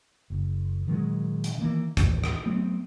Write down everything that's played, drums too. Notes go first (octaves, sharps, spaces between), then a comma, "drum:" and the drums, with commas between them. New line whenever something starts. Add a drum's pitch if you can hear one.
F#1
A#2 D#3 F#3 G#3
drum: hi-hat
D#3 E3 A#3
A1 D#2, drum: kick, hi-hat
drum: rim click
F#3 A3 B3 C4